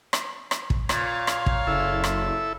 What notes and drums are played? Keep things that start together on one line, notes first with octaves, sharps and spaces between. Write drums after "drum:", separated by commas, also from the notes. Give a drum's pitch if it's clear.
drum: rim click
drum: rim click
drum: kick
A#2 C#5 F5, drum: rim click
drum: rim click
drum: kick
F#1 E4 A4 E5
drum: rim click